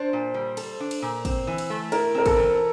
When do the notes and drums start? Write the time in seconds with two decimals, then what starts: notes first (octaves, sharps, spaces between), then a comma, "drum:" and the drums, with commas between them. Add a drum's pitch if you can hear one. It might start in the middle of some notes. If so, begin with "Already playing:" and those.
Already playing: D4 C5
0.13 A#2
0.34 G3
0.57 A4, drum: cymbal
0.80 D4
0.91 drum: cymbal
1.02 A#2
1.25 C4, drum: kick, cymbal
1.47 E3
1.58 drum: cymbal
1.70 A3
1.92 E4 A#4, drum: cymbal
2.15 C4 A#4
2.26 A4, drum: kick, cymbal
2.37 E3